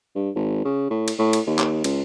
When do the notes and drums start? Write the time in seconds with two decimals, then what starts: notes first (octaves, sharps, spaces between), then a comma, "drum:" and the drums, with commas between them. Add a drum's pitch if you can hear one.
0.15 G2
0.35 G#1
0.65 C#3
0.90 A2
1.08 drum: cymbal
1.18 A2
1.33 drum: cymbal
1.47 D#2
1.59 drum: clap
1.84 C#2, drum: cymbal